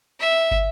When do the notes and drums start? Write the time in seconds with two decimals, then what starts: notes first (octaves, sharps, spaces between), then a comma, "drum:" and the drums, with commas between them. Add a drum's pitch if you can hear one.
0.20 E5
0.51 drum: kick